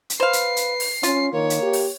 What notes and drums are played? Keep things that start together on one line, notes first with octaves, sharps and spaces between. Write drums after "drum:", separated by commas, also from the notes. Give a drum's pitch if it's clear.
drum: hi-hat
B4 C5 F5 C7
drum: hi-hat
drum: hi-hat
drum: open hi-hat
C#4 F4, drum: hi-hat
D#3 A#3 C#5
drum: hi-hat
G4
drum: open hi-hat